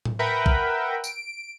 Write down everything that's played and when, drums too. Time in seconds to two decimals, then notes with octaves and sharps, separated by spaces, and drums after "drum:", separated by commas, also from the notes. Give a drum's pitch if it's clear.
0.05 drum: tom A2
0.19 A#4 B4 E5 F#5 G5 B5
0.46 drum: kick A#1
1.04 D7, drum: tambourine